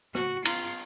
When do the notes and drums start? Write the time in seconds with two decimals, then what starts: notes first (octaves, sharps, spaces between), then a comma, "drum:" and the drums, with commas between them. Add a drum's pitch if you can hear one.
0.15 F#4, drum: rim click
0.45 F4, drum: cymbal